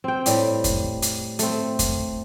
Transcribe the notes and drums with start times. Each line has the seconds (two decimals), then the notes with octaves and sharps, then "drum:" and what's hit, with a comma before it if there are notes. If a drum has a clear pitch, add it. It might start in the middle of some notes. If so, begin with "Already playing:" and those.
0.04 C4 G5
0.26 A2 G3 G4, drum: hi-hat
0.64 drum: kick F2, hi-hat
1.02 drum: hi-hat
1.39 A3 C4, drum: hi-hat
1.79 drum: kick F2, hi-hat